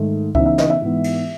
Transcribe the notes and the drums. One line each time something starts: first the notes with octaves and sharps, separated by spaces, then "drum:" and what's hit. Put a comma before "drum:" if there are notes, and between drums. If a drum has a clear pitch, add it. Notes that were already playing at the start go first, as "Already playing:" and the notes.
Already playing: G#2 D#3 A3
C#3 E3 B3 D#4 E5, drum: kick C#2
E5
D#5, drum: snare
E5
G#2 E3 B3
drum: cymbal